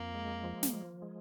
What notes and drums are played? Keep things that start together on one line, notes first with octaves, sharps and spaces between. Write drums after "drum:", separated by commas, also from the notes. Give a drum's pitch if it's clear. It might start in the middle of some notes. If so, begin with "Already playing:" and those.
Already playing: F2 A#3
G#3
F3
drum: snare
F3
G#3